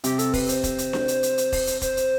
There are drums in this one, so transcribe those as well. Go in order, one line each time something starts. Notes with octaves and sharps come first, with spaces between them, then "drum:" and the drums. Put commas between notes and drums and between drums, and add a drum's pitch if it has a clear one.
C3 G4, drum: hi-hat
A4, drum: hi-hat
B4, drum: kick E1, open hi-hat
C5, drum: hi-hat
drum: kick E1, hi-hat
drum: hi-hat
drum: snare D4
drum: hi-hat
drum: hi-hat
drum: hi-hat
drum: kick E1, open hi-hat
drum: hi-hat
C5, drum: kick E1, hi-hat
drum: hi-hat